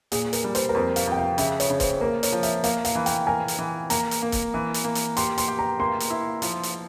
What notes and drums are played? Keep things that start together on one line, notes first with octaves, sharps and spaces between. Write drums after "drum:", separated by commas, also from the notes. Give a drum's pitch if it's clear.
A#2 G#4, drum: hi-hat
A#4, drum: hi-hat
G3
C5, drum: hi-hat
A#4
F2 C5
F5, drum: hi-hat
F2 G5
F5
C#3 E5, drum: hi-hat
C#5, drum: hi-hat
C#3
C5, drum: kick C#1, hi-hat
A#3 A#4
C#5, drum: hi-hat
F3
E5, drum: hi-hat
A#3 F5, drum: hi-hat
F5, drum: hi-hat
E3
G5, drum: hi-hat
A#4 G#5
drum: hi-hat
E3
A#3 A#5, drum: hi-hat
drum: hi-hat
A#3
drum: kick C#1, hi-hat
E3
drum: hi-hat
A#3
drum: hi-hat
G4 C6, drum: hi-hat
C6, drum: hi-hat
G4
A#5
A#3 C6
drum: hi-hat
E4
F3, drum: hi-hat
drum: hi-hat